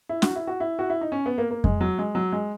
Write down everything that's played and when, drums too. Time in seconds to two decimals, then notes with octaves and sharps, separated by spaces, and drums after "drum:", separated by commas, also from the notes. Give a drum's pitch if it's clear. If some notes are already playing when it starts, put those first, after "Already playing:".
0.09 E4
0.22 F#4, drum: snare
0.36 E4
0.47 F#4
0.60 E4
0.79 F#4
0.90 E4
1.01 D#4
1.12 C#4
1.26 B3
1.38 A#3
1.51 A#3
1.64 G#3, drum: kick F2
1.81 F#3
1.98 G#3
2.15 F#3
2.32 G#3